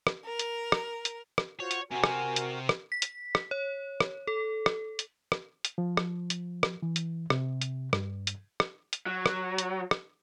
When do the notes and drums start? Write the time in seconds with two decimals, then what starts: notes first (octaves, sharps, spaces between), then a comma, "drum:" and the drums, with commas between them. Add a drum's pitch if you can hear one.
0.07 drum: rim click
0.24 A#4
0.39 drum: hi-hat
0.72 drum: rim click
1.05 drum: hi-hat
1.38 drum: rim click
1.60 F4 F#4 C5 C#5
1.71 drum: hi-hat
1.91 C3 C4 F#4 A#4 G#5
2.04 drum: rim click
2.36 drum: hi-hat
2.69 drum: rim click
2.92 B6
3.02 drum: hi-hat
3.35 drum: rim click
3.51 C#5
4.00 drum: rim click
4.27 A4
4.66 drum: rim click
4.99 drum: hi-hat
5.32 drum: rim click
5.65 drum: hi-hat
5.78 F3
5.97 drum: rim click
6.30 drum: hi-hat
6.63 drum: rim click
6.82 E3
6.96 drum: hi-hat
7.30 C3, drum: rim click
7.62 drum: hi-hat
7.93 G2, drum: rim click
8.27 drum: hi-hat
8.60 drum: rim click
8.93 drum: hi-hat
9.06 F#3
9.26 drum: rim click
9.58 drum: hi-hat
9.91 drum: rim click